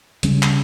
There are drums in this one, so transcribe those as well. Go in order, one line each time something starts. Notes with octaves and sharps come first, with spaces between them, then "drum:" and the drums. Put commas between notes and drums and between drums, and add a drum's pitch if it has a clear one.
C#3 G3 C#4, drum: hi-hat
drum: clap